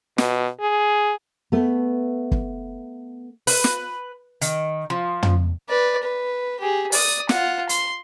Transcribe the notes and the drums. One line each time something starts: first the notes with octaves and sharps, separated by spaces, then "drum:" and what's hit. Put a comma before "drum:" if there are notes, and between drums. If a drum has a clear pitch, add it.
B2, drum: snare
G#4
A3 B3
drum: kick
B4, drum: open hi-hat
drum: snare
D#3, drum: hi-hat
F3
drum: tom
B4 D5
B4
G4 G#4
D5 D#6, drum: open hi-hat
F4 F#5, drum: snare
C6, drum: hi-hat